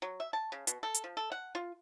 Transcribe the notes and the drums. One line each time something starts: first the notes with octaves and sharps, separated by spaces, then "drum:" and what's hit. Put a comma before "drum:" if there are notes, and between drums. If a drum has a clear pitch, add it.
F#3
E5
A5
C#3
B2, drum: hi-hat
A4
drum: hi-hat
F3
A4
F#5
F4